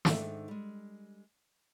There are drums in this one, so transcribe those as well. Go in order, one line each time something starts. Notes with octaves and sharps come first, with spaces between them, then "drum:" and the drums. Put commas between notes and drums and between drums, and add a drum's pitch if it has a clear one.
G#2 D#3 D4 A4 E5, drum: snare
G3 G#3